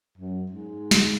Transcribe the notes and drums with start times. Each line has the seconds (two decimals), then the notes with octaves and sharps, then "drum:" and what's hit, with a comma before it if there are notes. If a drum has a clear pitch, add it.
0.18 F#2
0.50 G#2
0.91 drum: snare